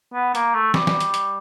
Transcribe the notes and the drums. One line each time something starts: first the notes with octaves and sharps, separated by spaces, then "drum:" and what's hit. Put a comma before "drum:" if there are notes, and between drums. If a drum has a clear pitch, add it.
B3
A#3, drum: hi-hat
A3
G3, drum: snare
drum: snare
drum: hi-hat
drum: hi-hat